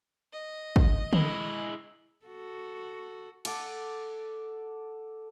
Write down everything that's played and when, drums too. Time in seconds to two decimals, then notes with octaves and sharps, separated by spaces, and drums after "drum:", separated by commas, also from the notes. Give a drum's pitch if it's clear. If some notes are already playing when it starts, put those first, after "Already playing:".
0.33 D#5
0.76 drum: kick
1.13 G#3 E4, drum: tom D3
2.26 F#4 A4
3.45 A4 D5 F#5 A5, drum: cymbal